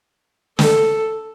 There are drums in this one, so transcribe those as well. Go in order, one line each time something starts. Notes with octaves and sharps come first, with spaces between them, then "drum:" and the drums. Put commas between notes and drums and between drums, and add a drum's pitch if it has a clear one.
A4, drum: snare